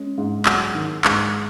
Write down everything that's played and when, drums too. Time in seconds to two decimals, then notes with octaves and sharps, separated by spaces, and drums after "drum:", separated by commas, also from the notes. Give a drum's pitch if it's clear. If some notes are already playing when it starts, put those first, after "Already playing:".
Already playing: G#3 C#4
0.18 G#2
0.46 F#3, drum: clap
0.75 D#3
1.05 G#2, drum: clap